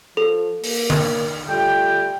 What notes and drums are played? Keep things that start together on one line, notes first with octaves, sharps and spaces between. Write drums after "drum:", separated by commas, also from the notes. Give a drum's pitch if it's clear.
F3 A4
A#3, drum: open hi-hat
drum: tom D3
G3 A3 F4 G5